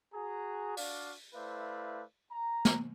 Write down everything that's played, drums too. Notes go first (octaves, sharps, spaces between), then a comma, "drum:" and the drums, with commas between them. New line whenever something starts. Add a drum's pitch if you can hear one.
F#4 G#4 A#5
D4 F#4 D5 F5, drum: open hi-hat
A3 E4 B4 C5 D5 F5
A#5
drum: snare